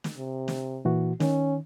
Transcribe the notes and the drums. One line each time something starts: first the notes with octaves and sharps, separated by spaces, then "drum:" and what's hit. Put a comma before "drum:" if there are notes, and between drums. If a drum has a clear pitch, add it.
drum: snare
C3
drum: snare
A#2 E3 F#4
D#3 C#4, drum: snare